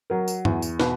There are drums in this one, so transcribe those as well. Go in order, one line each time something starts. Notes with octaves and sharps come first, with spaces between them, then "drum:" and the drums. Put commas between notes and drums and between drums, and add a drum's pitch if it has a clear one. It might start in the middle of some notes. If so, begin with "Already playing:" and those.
F#3 A#4
drum: tambourine
E2, drum: tom G2
drum: tambourine
B2 B4, drum: snare